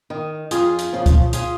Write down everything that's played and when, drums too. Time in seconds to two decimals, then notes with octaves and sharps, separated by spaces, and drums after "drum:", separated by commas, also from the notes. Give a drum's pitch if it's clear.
0.10 D#3
0.51 F2 F4 G#4, drum: hi-hat
0.79 drum: hi-hat
0.93 C#3 F3
1.06 drum: kick, hi-hat
1.33 F4 G#4, drum: hi-hat